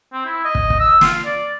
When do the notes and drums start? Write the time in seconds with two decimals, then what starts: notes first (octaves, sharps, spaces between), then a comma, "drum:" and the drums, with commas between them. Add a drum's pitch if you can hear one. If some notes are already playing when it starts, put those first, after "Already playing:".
0.13 C4
0.26 E4
0.45 D#5
0.55 drum: kick
0.70 drum: kick
0.80 E6
1.01 F4, drum: snare
1.25 D5